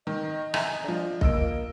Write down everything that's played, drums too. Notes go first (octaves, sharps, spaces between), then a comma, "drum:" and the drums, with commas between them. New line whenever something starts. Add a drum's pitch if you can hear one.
D#3 D#5
E5 G#5 A#5, drum: rim click
F3 D4
A#3 D#5 E6 D7, drum: kick B1